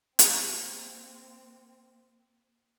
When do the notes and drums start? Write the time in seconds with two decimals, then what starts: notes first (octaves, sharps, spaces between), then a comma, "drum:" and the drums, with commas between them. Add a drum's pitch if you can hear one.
0.19 A#3 C4, drum: hi-hat